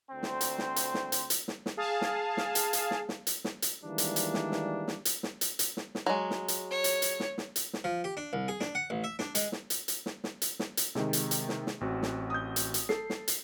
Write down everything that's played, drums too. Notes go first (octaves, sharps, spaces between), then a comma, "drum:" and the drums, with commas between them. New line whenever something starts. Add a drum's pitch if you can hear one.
D2 C4 C5
drum: snare
drum: hi-hat
drum: snare
drum: hi-hat
drum: snare
drum: hi-hat
drum: hi-hat
drum: snare
drum: snare
G#4 F5 A5
drum: snare
drum: snare
drum: hi-hat
drum: hi-hat
drum: snare
drum: snare
drum: hi-hat
drum: snare
drum: hi-hat
D#3 E3 G3 G#3 A#3 D4
drum: hi-hat
drum: hi-hat
drum: snare
drum: snare
drum: snare
drum: hi-hat
drum: snare
drum: hi-hat
drum: hi-hat
drum: snare
drum: snare
F#3 G#3
drum: snare
drum: hi-hat
C#5
drum: hi-hat
drum: hi-hat
drum: snare
drum: snare
drum: hi-hat
drum: snare
F3
G4
D4
C2
G#4
D4, drum: snare
F#5
A1
E5
D4, drum: snare
G#3, drum: hi-hat
drum: snare
drum: hi-hat
drum: hi-hat
drum: snare
drum: snare
drum: hi-hat
drum: snare
drum: hi-hat
C3 D#3 G#3, drum: snare
drum: hi-hat
drum: hi-hat
drum: snare
drum: snare
A1 C4 F#4
drum: snare
D#6 G6
drum: hi-hat
drum: hi-hat
A4 C7, drum: snare
drum: snare
drum: hi-hat